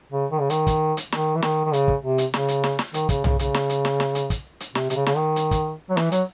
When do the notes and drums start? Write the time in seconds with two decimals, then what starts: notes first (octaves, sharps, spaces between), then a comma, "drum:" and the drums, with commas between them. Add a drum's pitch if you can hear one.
0.11 C#3
0.31 D#3
0.40 C#3
0.50 D#3, drum: hi-hat
0.67 drum: kick, hi-hat
0.97 drum: hi-hat
1.12 D#3, drum: snare
1.35 E3
1.42 D#3, drum: snare
1.65 D#3
1.73 C#3, drum: hi-hat
1.88 drum: kick
2.03 C3
2.18 drum: hi-hat
2.34 C#3, drum: snare
2.48 drum: hi-hat
2.64 drum: snare
2.79 drum: snare
2.94 D#3, drum: hi-hat
3.09 C#3, drum: kick, hi-hat
3.24 C#3, drum: tom
3.39 C#3, drum: hi-hat
3.54 drum: snare
3.70 drum: hi-hat
3.85 drum: snare
4.00 drum: snare
4.15 drum: hi-hat
4.30 drum: kick, hi-hat
4.60 drum: hi-hat
4.75 C3, drum: snare
4.90 C3, drum: hi-hat
4.96 C#3
5.06 C#3, drum: snare
5.16 D#3
5.36 drum: hi-hat
5.51 drum: kick, hi-hat
5.90 F#3
5.97 E3, drum: snare
6.12 F#3, drum: hi-hat